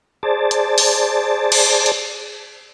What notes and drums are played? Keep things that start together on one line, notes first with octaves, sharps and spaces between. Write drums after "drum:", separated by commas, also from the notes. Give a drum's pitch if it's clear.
G#4 C5 D5 A5
drum: hi-hat
drum: open hi-hat
drum: cymbal
drum: hi-hat